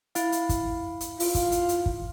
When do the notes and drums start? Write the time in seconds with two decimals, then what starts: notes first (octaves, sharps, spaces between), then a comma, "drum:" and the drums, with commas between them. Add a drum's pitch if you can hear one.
0.15 E4 F5, drum: hi-hat
0.32 drum: hi-hat
0.49 drum: kick, hi-hat
1.01 drum: hi-hat
1.20 F4, drum: open hi-hat
1.35 drum: kick, hi-hat
1.52 drum: hi-hat
1.69 drum: hi-hat
1.86 drum: kick